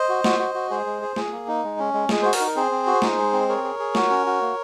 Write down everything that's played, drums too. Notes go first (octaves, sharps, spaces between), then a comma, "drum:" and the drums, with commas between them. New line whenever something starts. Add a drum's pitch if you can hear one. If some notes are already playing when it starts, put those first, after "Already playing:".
Already playing: C5 D#5
F#4
F#4, drum: snare
F#4
F#4
G#3 G#4 C5
G#3
G#4
G#4, drum: snare
A#3
D#4
G#3
C#4
G#3
G#3 G#4, drum: snare
F#4 C5
A#4, drum: open hi-hat
D#4
A#4
C4 G#4 C5
C4
F#4
D#4, drum: snare
G#3
C4
G#4 A#4 C#5
G#4
G#4
F#4, drum: snare
C#4
F#4
A#3